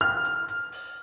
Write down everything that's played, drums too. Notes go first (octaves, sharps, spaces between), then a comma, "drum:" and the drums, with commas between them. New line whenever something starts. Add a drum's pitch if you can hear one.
F6
drum: hi-hat
drum: hi-hat
drum: open hi-hat